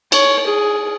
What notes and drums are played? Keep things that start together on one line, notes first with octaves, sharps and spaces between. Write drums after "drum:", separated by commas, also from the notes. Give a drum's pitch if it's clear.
C#5, drum: cymbal
G#4